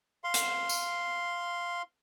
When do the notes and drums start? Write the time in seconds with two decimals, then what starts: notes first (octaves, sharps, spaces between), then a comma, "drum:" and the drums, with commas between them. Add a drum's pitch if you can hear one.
0.24 F5 C6
0.34 drum: hi-hat
0.69 drum: tambourine